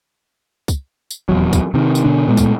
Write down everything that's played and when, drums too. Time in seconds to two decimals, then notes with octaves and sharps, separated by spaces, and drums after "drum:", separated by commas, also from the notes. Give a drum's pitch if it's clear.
0.68 drum: kick, tambourine
1.11 drum: tambourine
1.29 D#1 E2 F#3
1.53 drum: kick, tambourine
1.74 C3 D#3
1.95 drum: tambourine
2.04 B2 D3 D4
2.28 A#2 G#3 A3 B3
2.37 drum: kick, tambourine